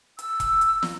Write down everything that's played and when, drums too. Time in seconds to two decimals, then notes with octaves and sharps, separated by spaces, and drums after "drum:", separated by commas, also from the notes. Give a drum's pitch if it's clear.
0.19 E6, drum: hi-hat
0.40 drum: kick E1, hi-hat
0.61 drum: hi-hat
0.83 drum: snare